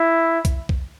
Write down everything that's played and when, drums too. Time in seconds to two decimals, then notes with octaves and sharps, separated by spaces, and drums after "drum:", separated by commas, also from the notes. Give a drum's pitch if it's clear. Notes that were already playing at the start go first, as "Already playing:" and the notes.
Already playing: E4
0.45 drum: kick, hi-hat
0.69 drum: kick